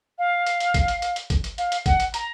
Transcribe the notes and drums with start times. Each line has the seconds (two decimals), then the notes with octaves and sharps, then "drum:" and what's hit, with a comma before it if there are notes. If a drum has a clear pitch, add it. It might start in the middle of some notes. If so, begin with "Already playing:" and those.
0.19 F5
0.47 drum: hi-hat
0.60 drum: hi-hat
0.74 drum: kick, hi-hat
0.88 drum: hi-hat
1.02 drum: hi-hat
1.16 drum: hi-hat
1.30 drum: kick, hi-hat
1.44 drum: hi-hat
1.58 F5, drum: hi-hat
1.72 drum: hi-hat
1.86 F#5, drum: kick, hi-hat
2.00 drum: hi-hat
2.14 A#5, drum: hi-hat